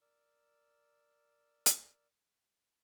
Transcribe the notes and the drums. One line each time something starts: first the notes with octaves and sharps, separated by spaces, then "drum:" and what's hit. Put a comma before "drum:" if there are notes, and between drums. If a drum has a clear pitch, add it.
A#4 D5 E6
drum: hi-hat